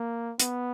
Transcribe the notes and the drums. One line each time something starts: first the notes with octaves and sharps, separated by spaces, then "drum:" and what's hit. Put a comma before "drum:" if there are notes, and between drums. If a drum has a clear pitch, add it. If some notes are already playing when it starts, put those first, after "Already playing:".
Already playing: A#3
B3, drum: hi-hat